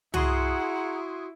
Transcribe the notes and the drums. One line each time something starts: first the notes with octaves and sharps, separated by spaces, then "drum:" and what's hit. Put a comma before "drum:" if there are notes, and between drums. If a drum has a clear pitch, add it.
E4 F#4 G#4 F#5 A#5 C6 D#6 G#6, drum: tom